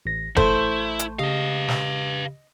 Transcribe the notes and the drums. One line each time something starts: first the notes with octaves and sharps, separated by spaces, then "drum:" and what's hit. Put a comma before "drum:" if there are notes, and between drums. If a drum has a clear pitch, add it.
A1 A#6
A1 A3 E4 C5 C6, drum: kick F#1
drum: hi-hat
C#3 G4 B4 D#5 F5
drum: snare